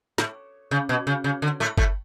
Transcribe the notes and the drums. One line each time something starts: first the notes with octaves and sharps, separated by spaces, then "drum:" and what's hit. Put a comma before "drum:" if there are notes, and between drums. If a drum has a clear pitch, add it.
A2, drum: snare
C#3
B2
C#3
C#3
D3
A2 A3
A2 A3, drum: kick G1